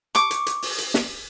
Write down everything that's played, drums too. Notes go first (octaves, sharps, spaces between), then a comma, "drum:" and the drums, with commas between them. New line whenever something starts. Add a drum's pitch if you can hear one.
C#6 D6, drum: hi-hat
drum: hi-hat
drum: hi-hat
drum: open hi-hat
drum: hi-hat
drum: snare